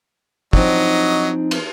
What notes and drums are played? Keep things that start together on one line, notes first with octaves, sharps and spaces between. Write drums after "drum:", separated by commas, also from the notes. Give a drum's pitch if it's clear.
F3 F#3 C4 D4 D#4 D#5, drum: kick
drum: cymbal